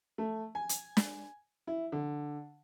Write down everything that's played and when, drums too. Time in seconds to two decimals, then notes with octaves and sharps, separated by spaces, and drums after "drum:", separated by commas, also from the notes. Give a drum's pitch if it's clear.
0.18 A3
0.55 G#5
0.69 drum: hi-hat
0.97 drum: snare
1.67 E4
1.92 D3